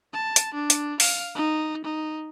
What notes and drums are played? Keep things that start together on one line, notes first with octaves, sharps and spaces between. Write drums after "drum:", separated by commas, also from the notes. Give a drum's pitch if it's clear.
A5
drum: hi-hat
D4
drum: hi-hat
F5, drum: open hi-hat
D#4
D#4